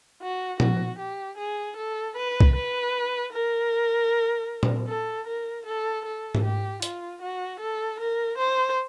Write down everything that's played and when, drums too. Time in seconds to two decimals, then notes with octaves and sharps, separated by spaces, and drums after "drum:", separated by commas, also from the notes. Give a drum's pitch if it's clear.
0.22 F#4
0.60 F#4, drum: tom
0.99 G4
1.37 G#4
1.76 A4
2.16 B4
2.41 drum: kick
2.55 B4
3.32 A#4
4.63 drum: tom A#2
4.88 A4
5.27 A#4
5.66 A4
6.05 A4
6.35 drum: tom G#2
6.44 G4
6.82 F4, drum: hi-hat
7.22 F#4
7.60 A4
8.00 A#4
8.38 C5